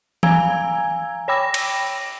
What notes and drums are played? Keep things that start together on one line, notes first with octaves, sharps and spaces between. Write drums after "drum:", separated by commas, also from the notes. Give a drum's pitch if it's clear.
F5 G#5 A#5 E6 G#6, drum: tom E3
C#5 G5 B5 D6 E6 A#6
drum: cymbal